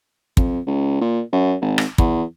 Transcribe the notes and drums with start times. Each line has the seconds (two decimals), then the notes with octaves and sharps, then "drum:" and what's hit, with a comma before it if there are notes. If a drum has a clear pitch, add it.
0.37 F2, drum: kick
0.67 C#2
1.01 A#2
1.33 F#2
1.61 G#1
1.78 drum: rim click
1.98 E2, drum: kick